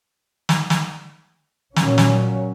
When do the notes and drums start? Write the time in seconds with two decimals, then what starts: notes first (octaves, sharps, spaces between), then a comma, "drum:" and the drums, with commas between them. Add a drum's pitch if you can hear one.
0.49 drum: snare
0.70 drum: snare
1.76 A#2 F#3 A#3 C#4, drum: snare
1.98 drum: snare